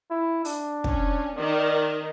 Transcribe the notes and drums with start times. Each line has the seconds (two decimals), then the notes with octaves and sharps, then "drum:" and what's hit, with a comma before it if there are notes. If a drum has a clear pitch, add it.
0.11 E4
0.45 D4, drum: open hi-hat
0.84 C#4, drum: kick
1.37 D#3 D5